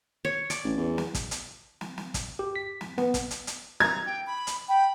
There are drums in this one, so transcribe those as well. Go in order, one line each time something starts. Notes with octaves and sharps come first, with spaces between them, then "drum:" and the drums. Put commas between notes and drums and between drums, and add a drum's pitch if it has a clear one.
C#5
D5, drum: hi-hat
A1
E2
drum: snare
drum: kick, hi-hat
drum: hi-hat
drum: snare
drum: snare
drum: kick, hi-hat
G4
B6
drum: snare
B3, drum: snare
drum: kick, hi-hat
drum: hi-hat
drum: hi-hat
A#5 G#6, drum: snare
G5
B5
drum: hi-hat
G5 B5